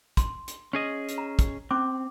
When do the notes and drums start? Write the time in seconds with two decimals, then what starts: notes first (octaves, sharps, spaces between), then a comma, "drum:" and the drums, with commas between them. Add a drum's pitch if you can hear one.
0.17 C6, drum: kick, hi-hat
0.48 drum: hi-hat
0.73 C#4 G#4 D#5
1.08 drum: hi-hat
1.18 A#5
1.39 drum: kick, hi-hat
1.71 C4 C#4 D6